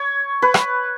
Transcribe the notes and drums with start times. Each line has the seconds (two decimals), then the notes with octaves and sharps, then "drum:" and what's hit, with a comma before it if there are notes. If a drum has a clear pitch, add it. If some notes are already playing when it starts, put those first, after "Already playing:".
Already playing: C#5
0.42 B4
0.54 drum: rim click